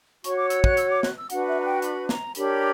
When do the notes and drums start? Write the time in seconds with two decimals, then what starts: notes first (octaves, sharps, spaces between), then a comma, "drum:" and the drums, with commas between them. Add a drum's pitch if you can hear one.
0.24 F#4 C#5 C#6, drum: hi-hat
0.37 D6
0.50 E6, drum: hi-hat
0.64 F#6, drum: kick
0.77 E6, drum: hi-hat
0.90 D6
1.03 F#6, drum: snare
1.17 E6
1.30 D4 F#4 B4 F#5, drum: hi-hat
1.47 E5
1.60 A#5
1.65 G5
1.82 B5, drum: hi-hat
2.09 A#5, drum: snare
2.35 D4 G4 A#4 C#5 B5, drum: hi-hat